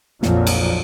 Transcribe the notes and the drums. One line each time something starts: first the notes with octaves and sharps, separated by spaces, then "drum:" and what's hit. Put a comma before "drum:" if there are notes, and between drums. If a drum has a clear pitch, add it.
A#1 F2 A#2 F3 F#3, drum: snare
drum: cymbal